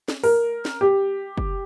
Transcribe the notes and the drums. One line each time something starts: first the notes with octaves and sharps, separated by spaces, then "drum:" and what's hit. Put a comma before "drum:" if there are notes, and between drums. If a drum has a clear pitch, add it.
drum: snare
A#4, drum: open hi-hat
drum: snare
G4
drum: kick